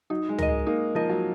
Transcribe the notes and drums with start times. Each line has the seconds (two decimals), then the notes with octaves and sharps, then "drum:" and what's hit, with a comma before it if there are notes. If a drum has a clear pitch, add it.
0.10 F#3 D#4
0.29 G#3
0.38 A#4 D#5, drum: tom
0.49 G#3
0.67 A#3 D#4
0.95 F3 A#4 D#5
1.10 F#3